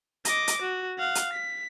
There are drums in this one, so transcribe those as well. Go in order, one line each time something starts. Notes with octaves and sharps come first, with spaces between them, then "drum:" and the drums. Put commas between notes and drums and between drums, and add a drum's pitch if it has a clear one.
D#5 D6, drum: hi-hat
drum: hi-hat
F#4
F5 F#5
drum: hi-hat
B6